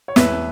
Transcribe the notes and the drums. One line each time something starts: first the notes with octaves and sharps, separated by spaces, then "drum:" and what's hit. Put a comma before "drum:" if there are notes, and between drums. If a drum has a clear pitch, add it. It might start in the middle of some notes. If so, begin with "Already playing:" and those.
C#5
E1 E2 E3 B4 E5, drum: snare